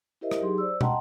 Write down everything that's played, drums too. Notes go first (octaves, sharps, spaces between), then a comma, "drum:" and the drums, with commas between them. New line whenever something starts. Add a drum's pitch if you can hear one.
E4 G4 A#4 C5 D#5 E5
drum: rim click
F#3 D#4 G4 G#4 C6
C5 D5 E6
D#5 F#5 G5 A5 A#5 C6, drum: tom